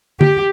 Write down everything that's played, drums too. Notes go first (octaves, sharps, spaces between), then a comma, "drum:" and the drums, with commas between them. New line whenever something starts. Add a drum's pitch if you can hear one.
G4, drum: tom D3